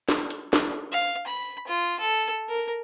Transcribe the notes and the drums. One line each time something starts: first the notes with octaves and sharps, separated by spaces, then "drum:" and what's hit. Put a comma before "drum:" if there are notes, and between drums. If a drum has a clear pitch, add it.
drum: snare
drum: hi-hat
drum: snare
F5
B5
F4
A4
A#4